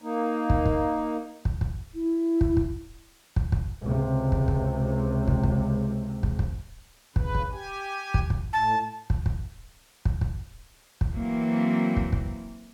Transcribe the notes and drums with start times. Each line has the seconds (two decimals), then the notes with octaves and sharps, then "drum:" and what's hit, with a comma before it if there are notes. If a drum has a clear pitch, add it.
0.02 A#3 D#4
0.50 drum: kick
0.66 drum: kick
1.45 drum: kick
1.61 drum: kick
1.94 E4
2.41 drum: kick
2.57 drum: kick
3.36 drum: kick
3.52 drum: kick
3.81 C#2 C3
4.32 drum: kick
4.48 drum: kick
5.28 drum: kick
5.43 drum: kick
6.23 drum: kick
6.39 drum: kick
7.16 C#3 B4, drum: kick
7.35 drum: kick
7.52 G4 G#5
8.14 drum: kick
8.30 drum: kick
8.53 A2 A5
9.10 drum: kick
9.26 drum: kick
10.05 drum: kick
10.21 drum: kick
11.01 drum: kick
11.12 E3 F#3 A#3 C4
11.97 drum: kick
12.13 drum: kick